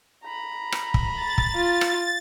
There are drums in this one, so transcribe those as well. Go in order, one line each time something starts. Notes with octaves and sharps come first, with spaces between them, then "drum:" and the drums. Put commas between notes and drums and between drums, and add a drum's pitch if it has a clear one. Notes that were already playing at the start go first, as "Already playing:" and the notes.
A#5 B5
drum: rim click
drum: kick
A6
drum: kick
F4
drum: rim click